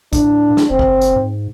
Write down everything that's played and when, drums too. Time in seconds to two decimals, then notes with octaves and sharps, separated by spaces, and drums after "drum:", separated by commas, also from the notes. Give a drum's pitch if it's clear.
0.13 A2 D4, drum: kick, hi-hat
0.57 drum: snare
0.70 F#1 C4
0.79 drum: kick
1.01 drum: hi-hat
1.16 G#2